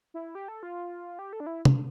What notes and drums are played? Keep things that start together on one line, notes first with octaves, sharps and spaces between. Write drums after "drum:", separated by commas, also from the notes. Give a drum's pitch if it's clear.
E4
G4
A4
F4
G4
A4
D4
E4
drum: tom